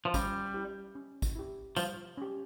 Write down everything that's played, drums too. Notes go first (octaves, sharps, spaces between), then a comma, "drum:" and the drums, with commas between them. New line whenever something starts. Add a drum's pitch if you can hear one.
F3
G3 C#4, drum: kick, tambourine
E4 G4
C#4
drum: kick, tambourine
E4 G4
F3 G3, drum: tambourine
C#4 G4